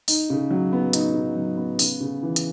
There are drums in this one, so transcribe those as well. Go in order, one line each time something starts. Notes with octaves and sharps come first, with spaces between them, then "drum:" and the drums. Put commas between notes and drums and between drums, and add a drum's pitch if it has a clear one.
D#4, drum: open hi-hat
C#3
F#3
B3
D#4, drum: hi-hat
C#3
F#3
B3
C#3, drum: open hi-hat
C#3
E3
drum: hi-hat